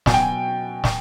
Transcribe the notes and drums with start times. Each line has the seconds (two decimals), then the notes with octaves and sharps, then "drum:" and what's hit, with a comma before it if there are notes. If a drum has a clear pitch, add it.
0.06 B2 F#3 G#5, drum: snare
0.14 G5
0.22 G#5
0.84 drum: snare